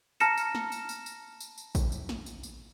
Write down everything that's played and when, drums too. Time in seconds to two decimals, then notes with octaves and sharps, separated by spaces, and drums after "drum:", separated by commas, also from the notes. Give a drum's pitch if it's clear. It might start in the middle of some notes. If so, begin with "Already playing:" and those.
0.20 A5 A#5 F6 A#6 C#7 E7, drum: tambourine
0.37 drum: tambourine
0.55 drum: snare
0.72 drum: tambourine
0.89 drum: tambourine
1.06 drum: tambourine
1.40 drum: tambourine
1.58 drum: tambourine
1.75 drum: kick A1, tambourine
1.92 drum: tambourine
2.09 drum: snare
2.26 drum: tambourine
2.43 drum: tambourine